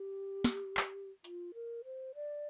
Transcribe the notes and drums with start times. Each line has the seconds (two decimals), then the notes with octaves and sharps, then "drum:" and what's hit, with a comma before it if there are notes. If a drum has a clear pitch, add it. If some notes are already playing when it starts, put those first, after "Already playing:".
Already playing: G4
0.44 drum: snare
0.77 drum: clap
1.24 F4, drum: hi-hat
1.54 A#4
1.85 C5
2.15 D5